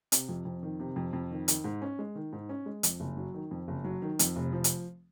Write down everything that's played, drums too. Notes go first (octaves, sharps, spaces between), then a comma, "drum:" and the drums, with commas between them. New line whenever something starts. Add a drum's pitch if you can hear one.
C3, drum: hi-hat
F2
F2
D#3
C3
F2
F2
D#3
D#3, drum: hi-hat
G#2
C#4
G#3
D#3
G#2
C#4
G#3
F2, drum: hi-hat
F#1
F#3
D#3
F2
F#1
F#3
D#3
F2, drum: hi-hat
F1
F3
drum: hi-hat